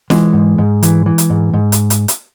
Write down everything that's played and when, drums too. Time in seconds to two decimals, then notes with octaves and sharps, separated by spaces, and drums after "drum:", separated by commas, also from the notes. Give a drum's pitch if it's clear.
0.10 E3 G#3, drum: snare
0.33 G#2
0.58 G#2
0.83 E3, drum: hi-hat
1.06 E3
1.18 drum: hi-hat
1.30 G#2
1.53 G#2
1.72 drum: hi-hat
1.90 drum: hi-hat
2.08 drum: hi-hat